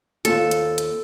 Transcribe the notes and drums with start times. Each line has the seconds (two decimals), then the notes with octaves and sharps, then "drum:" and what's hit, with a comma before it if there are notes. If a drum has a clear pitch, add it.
0.25 D#2 C4 F4 A4, drum: hi-hat
0.51 drum: hi-hat
0.78 drum: hi-hat